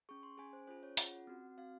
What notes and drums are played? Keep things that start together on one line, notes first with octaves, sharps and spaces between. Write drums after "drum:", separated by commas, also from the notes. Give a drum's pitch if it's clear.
C#4 G#4 C#6
C6
C#4 G#4 G#5
C5
C#4 F4 G#4 C5
C#5
C#4 F4 G#4 F#5, drum: open hi-hat
C4 F#4
C4 F#4 F5